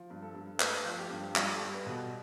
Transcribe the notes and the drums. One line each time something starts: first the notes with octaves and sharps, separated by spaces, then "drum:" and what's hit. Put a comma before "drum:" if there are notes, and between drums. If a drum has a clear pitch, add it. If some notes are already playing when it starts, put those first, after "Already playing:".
Already playing: F3
G2
A4
G2
A3 B4, drum: clap
F3
G4
G2
G3 F4, drum: clap
A4
G3
B4
B2